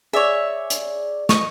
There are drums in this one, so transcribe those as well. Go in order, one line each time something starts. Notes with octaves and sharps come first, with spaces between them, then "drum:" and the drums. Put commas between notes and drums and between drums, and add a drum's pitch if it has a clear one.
G#4 C#5 D5 E5
drum: hi-hat
D#5 C#6, drum: snare